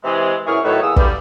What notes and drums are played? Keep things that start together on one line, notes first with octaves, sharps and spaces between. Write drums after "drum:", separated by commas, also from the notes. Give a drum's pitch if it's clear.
C3 E3 G#3
F#2 E3 E4 G#4 C#6 F6
A2 D#3 F#3 A3 B4 C#5
E2 A#3 G#4 D#6 E6
G2 D3 G3, drum: kick